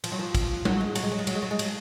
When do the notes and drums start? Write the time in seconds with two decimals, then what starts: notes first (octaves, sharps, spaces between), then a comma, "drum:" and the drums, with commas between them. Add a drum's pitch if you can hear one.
0.04 F3, drum: cymbal
0.12 F#3
0.19 F3
0.35 drum: kick, cymbal
0.65 F#3, drum: tom G3
0.81 G#3
0.95 F#3, drum: cymbal
1.03 G#3
1.12 F#3
1.19 G#3
1.27 F#3, drum: cymbal
1.35 G#3
1.42 F#3
1.51 G#3
1.59 F#3, drum: cymbal